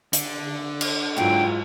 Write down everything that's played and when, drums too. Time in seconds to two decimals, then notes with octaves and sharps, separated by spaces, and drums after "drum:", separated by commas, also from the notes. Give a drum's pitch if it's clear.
0.13 D3, drum: hi-hat
0.81 drum: cymbal
1.17 G#2 E3 F#3 F4 G#4 G5